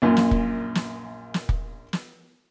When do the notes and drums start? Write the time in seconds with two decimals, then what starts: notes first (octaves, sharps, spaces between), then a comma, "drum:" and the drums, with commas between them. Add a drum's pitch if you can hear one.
0.02 A#1 F#2 A#2
0.17 drum: snare
0.31 drum: kick
0.75 drum: snare
1.34 drum: snare
1.49 drum: kick
1.93 drum: snare